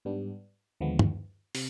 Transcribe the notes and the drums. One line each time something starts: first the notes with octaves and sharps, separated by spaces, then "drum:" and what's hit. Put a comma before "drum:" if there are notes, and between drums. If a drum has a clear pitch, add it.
G#2 G3 B3 D4
D#2 D3 F3 G#3 B3
drum: tom
C3, drum: open hi-hat